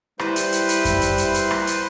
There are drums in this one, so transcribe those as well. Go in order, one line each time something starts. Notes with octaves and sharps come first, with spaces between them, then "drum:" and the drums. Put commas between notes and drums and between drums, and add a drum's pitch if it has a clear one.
G3 E4 B4 C5, drum: rim click
drum: hi-hat
drum: hi-hat
drum: hi-hat
drum: kick F#2, hi-hat
drum: hi-hat
drum: hi-hat
drum: hi-hat
drum: rim click
drum: hi-hat